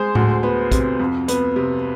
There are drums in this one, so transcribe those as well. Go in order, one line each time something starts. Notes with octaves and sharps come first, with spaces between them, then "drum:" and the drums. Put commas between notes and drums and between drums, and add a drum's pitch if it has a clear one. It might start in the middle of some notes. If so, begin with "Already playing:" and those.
Already playing: G#3 C5
D2, drum: tom A2
B3
C3, drum: kick, hi-hat
F2
B3, drum: hi-hat
C3